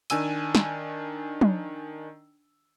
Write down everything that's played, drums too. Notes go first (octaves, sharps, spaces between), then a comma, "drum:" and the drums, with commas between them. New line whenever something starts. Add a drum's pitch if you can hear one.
D#3 D4 G#5 E6 D#7, drum: hi-hat
drum: snare
drum: tom